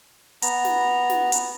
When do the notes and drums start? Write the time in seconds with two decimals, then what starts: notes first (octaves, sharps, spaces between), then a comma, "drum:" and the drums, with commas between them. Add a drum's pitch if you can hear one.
0.42 B3 A#5, drum: hi-hat
0.65 drum: snare
1.10 drum: snare
1.32 drum: hi-hat